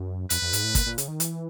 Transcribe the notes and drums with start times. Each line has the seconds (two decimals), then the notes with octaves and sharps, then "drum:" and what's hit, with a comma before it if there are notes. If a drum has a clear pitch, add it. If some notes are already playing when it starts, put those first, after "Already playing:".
Already playing: F#2
0.30 F2 B4, drum: hi-hat
0.42 F2
0.53 G#2, drum: hi-hat
0.64 A2
0.75 A#2, drum: kick, hi-hat
0.86 A#2
0.98 C#3, drum: hi-hat
1.08 D#3
1.20 E3, drum: hi-hat